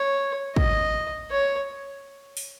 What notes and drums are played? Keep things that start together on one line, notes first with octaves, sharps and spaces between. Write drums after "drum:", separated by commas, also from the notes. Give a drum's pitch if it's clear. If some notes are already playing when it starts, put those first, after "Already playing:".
Already playing: C#5
D#5, drum: kick
C#5
drum: open hi-hat